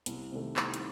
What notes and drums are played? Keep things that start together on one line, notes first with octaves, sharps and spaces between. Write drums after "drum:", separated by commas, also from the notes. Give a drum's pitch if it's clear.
C2, drum: hi-hat
C3 D#3 A3
C2, drum: clap
drum: hi-hat